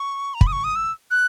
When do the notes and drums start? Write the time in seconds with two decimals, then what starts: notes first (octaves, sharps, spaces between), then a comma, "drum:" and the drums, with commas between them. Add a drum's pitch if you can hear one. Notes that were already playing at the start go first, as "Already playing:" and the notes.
Already playing: C#6
0.34 A#5
0.41 B5, drum: kick
0.47 D#6
0.52 C#6
0.64 D#6
0.76 E6
1.11 F#6